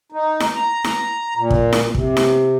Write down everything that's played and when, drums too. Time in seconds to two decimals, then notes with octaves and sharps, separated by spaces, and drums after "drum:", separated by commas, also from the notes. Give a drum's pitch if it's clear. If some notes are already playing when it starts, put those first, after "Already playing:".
0.12 D#4
0.40 drum: snare E4
0.55 A#5
0.84 drum: snare E4
1.37 A#2
1.51 drum: kick
1.73 drum: snare E4
1.95 C3, drum: kick
2.17 drum: snare E4